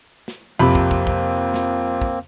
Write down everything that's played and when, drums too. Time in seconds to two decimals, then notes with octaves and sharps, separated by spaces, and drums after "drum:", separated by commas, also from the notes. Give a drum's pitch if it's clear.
0.28 drum: snare
0.59 F2 C3 A#3 C4 B5
0.75 drum: kick
0.91 drum: kick
1.07 drum: kick
1.54 drum: snare
2.02 drum: kick